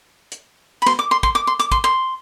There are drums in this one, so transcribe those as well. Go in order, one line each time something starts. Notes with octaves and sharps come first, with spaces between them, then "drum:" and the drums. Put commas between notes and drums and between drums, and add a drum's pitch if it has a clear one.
drum: hi-hat
B5
C6, drum: snare
D6
C6
C6, drum: kick
D6
C6
D6, drum: hi-hat
C6, drum: kick
C6